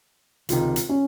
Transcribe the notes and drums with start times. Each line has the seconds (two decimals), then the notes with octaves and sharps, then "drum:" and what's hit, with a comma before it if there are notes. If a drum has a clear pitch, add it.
0.49 C#2 C3 D#3 F4, drum: hi-hat
0.76 drum: hi-hat
0.89 C#4